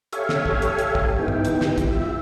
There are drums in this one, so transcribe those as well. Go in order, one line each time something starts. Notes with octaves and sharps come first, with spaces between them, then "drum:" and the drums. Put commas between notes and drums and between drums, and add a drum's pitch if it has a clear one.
G4 A4 C#5 E5 F5 G#5, drum: hi-hat
drum: snare
drum: kick
drum: hi-hat
drum: hi-hat
drum: kick
B3 D#4 E4 G4 G5
drum: tom
drum: hi-hat
drum: snare
drum: kick, hi-hat
E4 F4 G4 E5